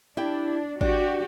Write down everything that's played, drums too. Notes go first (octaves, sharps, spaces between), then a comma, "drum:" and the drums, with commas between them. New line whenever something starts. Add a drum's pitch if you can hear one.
D4 E4 G4 G5
D4 F#4 G4, drum: kick G#1